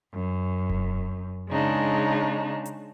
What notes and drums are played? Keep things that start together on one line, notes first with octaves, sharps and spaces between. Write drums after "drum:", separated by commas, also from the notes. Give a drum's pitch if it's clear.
F#2
drum: kick E1
C#3 G#3 D4 D#4
drum: hi-hat